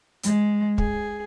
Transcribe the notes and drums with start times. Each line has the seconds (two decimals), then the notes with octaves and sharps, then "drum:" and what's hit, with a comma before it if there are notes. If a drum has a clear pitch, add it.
0.23 G#3, drum: hi-hat
0.78 G#4, drum: kick